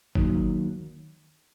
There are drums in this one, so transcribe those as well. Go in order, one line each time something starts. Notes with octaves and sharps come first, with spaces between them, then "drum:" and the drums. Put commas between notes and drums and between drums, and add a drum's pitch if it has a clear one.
D#2 D#3 F#3, drum: kick G1